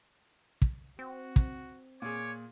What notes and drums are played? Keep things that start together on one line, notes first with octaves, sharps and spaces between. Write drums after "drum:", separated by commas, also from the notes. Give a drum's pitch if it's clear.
drum: kick
C4 F#4
drum: kick, hi-hat
A#2 G#4 C#5 D6